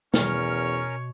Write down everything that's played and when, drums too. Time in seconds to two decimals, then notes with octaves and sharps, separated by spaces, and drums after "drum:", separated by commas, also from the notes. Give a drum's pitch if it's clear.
0.14 E2 B2 C#4 A#4 C#5 F6, drum: snare